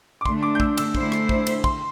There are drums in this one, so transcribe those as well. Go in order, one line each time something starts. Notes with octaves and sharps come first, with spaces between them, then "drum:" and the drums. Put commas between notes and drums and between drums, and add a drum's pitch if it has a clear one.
D6
D3 A3 D4 C6, drum: kick
D6
G6
E6, drum: kick
E6, drum: cymbal
D3 A3 E4 C5, drum: kick
drum: rim click
drum: kick
drum: cymbal
C6, drum: kick